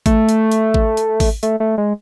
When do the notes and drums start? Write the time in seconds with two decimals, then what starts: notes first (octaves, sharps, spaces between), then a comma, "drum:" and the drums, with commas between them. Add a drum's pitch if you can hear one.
0.06 A3, drum: kick G#1, hi-hat
0.29 drum: hi-hat
0.51 drum: hi-hat
0.74 drum: kick G#1
0.97 drum: hi-hat
1.20 drum: kick G#1, open hi-hat
1.43 A3, drum: hi-hat
1.60 A3
1.78 G#3